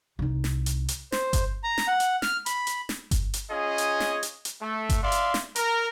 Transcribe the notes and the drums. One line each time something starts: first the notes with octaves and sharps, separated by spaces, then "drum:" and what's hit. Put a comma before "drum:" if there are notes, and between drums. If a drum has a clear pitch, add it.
C2 D#4
drum: snare
drum: hi-hat
drum: hi-hat
C5, drum: snare
drum: kick G1, hi-hat
A#5
drum: snare
F#5
drum: hi-hat
F6, drum: snare
B5, drum: hi-hat
drum: hi-hat
drum: snare
drum: kick G1, hi-hat
drum: hi-hat
C#4 F4 G#4 D#5
drum: hi-hat
drum: snare
drum: hi-hat
drum: hi-hat
A3
drum: kick G1, hi-hat
D5 E5 F5 C6
drum: hi-hat
drum: snare
A#4, drum: hi-hat